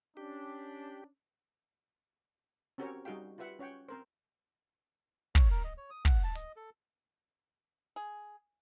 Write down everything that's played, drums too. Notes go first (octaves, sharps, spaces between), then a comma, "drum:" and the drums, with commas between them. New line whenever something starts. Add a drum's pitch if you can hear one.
C#4 D4 G4
C4 C#4 F#4 G4 A#4 C#5
G3 D#4 F#4 G#4 F5 G5
F4 G4 B4 E5 F#5
C#4 C#5 F#5 G5
C4 A#4 C5
C#5, drum: kick
A#4
D#5
C#5
D#6
F#5, drum: kick
A5
D#5, drum: hi-hat
A4
G#4